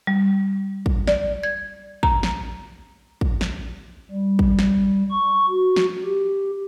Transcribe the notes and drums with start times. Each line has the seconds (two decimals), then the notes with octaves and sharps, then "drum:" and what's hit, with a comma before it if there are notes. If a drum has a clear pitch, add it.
0.07 G3
0.86 drum: kick
1.08 D5, drum: snare
1.43 G#6
2.03 A#5, drum: kick
2.23 drum: snare
3.21 drum: kick
3.41 drum: snare
4.12 G3
4.39 drum: kick
4.59 drum: snare
5.10 C#6
5.49 F#4
5.76 drum: snare
6.04 G4